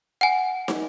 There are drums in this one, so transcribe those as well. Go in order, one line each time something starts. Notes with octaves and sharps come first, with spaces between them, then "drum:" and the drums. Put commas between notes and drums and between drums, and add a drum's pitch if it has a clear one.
F#5 G#5
drum: snare